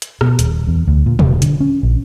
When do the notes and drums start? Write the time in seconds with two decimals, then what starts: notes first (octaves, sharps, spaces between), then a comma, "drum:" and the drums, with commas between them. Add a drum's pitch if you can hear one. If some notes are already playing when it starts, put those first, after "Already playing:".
0.02 drum: hi-hat
0.21 B2, drum: rim click
0.39 D#1, drum: hi-hat
0.67 E2
0.88 D2
1.06 A#2
1.19 E1, drum: tom
1.42 D3, drum: hi-hat
1.60 C#4
1.83 A#1